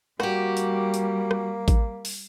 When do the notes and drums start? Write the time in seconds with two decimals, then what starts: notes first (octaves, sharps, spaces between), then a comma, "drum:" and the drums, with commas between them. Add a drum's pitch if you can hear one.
0.20 G3 A#3 F#4 G4, drum: rim click
0.57 drum: hi-hat
0.94 drum: hi-hat
1.31 drum: rim click
1.68 drum: kick A1, hi-hat
2.05 drum: open hi-hat